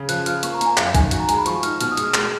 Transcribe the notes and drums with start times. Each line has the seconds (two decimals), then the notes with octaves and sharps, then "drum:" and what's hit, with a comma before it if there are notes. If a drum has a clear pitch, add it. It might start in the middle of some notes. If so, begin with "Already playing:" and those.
Already playing: C#3
0.09 F3 F#6, drum: hi-hat
0.26 F3 F6, drum: hi-hat
0.43 A#3 C#6, drum: hi-hat
0.54 A#5
0.61 A#3 G#5, drum: hi-hat
0.77 F#2 F5, drum: clap
0.95 D#3 G#5, drum: kick, hi-hat
1.11 F#4, drum: hi-hat
1.20 A#5
1.29 G#3 G#5, drum: hi-hat
1.37 B5
1.46 F3 C#6, drum: hi-hat
1.63 D#4 F6, drum: hi-hat
1.81 B2 F6, drum: hi-hat
1.91 D#6
1.97 G#3, drum: hi-hat
2.03 F6
2.14 G#3 F6, drum: clap